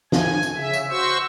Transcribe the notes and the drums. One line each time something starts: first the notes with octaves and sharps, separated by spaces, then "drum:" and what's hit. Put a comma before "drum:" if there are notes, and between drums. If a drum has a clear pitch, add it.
G#5, drum: snare
drum: tambourine
C#3 E5
drum: tambourine
F#4 C5 C#6 E6